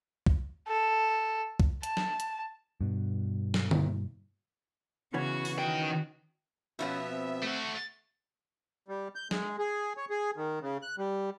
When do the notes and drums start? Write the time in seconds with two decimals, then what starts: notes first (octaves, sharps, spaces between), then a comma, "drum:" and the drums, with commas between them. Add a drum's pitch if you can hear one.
0.26 drum: kick C2
0.68 A4
1.60 drum: kick C2
1.83 A5, drum: hi-hat
1.97 drum: snare
2.20 drum: hi-hat
2.81 G2 B2
3.54 drum: snare
3.71 drum: tom D3
5.14 C#3 E3 B3 C#4 F#4 C#6
5.45 drum: open hi-hat
5.59 D#3 F#4 G5
6.79 B2 F3 B3 C#4 E5
7.09 C4
7.43 A3 F#4
8.88 G3
9.16 G6
9.31 G#3, drum: snare
9.59 G#4
9.97 C#5
10.10 G#4
10.36 D#3
10.62 C#3
10.82 F#6
10.98 G3